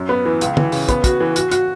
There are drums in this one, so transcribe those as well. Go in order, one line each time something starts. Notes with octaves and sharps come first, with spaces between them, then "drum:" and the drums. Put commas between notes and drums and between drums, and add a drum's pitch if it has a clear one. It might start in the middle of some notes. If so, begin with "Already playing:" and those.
Already playing: F#2
B3
E3
C#2, drum: hi-hat
E3, drum: tom
C#3, drum: open hi-hat
B3, drum: kick, hi-hat
F#4, drum: kick, hi-hat
E3
F#4, drum: hi-hat
F#4, drum: hi-hat